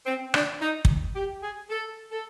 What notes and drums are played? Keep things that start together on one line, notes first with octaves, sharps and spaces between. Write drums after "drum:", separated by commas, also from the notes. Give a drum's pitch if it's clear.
C4
D4, drum: rim click
D#4
drum: kick
G4
G#4
A4
A4